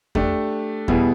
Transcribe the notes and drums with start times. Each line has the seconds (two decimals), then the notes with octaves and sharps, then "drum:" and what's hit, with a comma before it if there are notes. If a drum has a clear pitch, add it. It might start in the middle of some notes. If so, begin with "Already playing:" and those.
0.15 A3 D4 G4, drum: kick E2
0.88 B2 G3 B3 E4 G#4, drum: kick E2